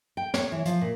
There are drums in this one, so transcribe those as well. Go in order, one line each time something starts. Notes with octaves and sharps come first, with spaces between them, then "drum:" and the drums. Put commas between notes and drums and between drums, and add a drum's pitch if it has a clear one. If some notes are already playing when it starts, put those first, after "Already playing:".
G5
C#5, drum: snare
E3
F3, drum: hi-hat
A#2